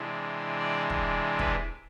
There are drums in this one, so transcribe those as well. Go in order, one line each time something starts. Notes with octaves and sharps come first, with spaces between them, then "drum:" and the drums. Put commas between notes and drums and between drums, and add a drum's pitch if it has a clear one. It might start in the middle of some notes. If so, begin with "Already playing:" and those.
Already playing: C3 E3 G#3 D4
D5
drum: kick
B4, drum: kick